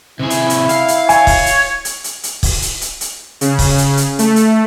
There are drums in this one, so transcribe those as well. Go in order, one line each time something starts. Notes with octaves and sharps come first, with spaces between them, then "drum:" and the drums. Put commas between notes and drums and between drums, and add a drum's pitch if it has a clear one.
C3 E4 G#4
drum: hi-hat
drum: hi-hat
F5, drum: hi-hat
drum: hi-hat
C#5 G#5, drum: hi-hat
drum: kick, open hi-hat
drum: hi-hat
drum: hi-hat
drum: hi-hat
drum: hi-hat
drum: kick, open hi-hat
drum: hi-hat
drum: hi-hat
drum: hi-hat
C#3, drum: hi-hat
drum: kick, open hi-hat
drum: hi-hat
drum: hi-hat
A3, drum: hi-hat
drum: hi-hat